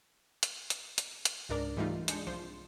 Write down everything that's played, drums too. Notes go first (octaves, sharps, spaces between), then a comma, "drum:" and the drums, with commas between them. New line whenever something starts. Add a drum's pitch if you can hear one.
drum: hi-hat
drum: hi-hat
drum: hi-hat
drum: hi-hat
C#2 G#2 D4 A#4 D5 D6
G#2 E3 G3 A3 D#4 F4
G#3 D4 G6 C#7, drum: hi-hat
C2 F3 C6